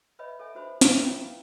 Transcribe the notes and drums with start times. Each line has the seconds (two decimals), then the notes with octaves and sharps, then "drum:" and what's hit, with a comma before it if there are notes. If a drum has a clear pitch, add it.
0.19 B4 C#5 D#5 E5 B5
0.39 A4 C#5 E5 G#5
0.55 D4 F#4 B4 C5 E5 B5
0.81 E4 B4 E5 A5, drum: snare
1.03 E4 F4 C#5 F5 G5 A#5